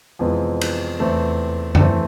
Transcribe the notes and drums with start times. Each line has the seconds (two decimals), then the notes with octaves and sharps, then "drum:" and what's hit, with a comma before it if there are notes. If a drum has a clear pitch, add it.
0.19 F2 C3 E3 G#3 B3
0.61 drum: cymbal
1.00 E2 C3 E3 A3 C4
1.75 D4, drum: tom F#2
1.80 E3 A3 C4